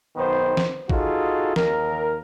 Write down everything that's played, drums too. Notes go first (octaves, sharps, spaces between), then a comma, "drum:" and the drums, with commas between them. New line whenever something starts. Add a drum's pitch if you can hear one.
B1 D#3 B3 C5
drum: snare
D#4 F4 F#4 G#4 A4, drum: kick
D#2 A#4, drum: snare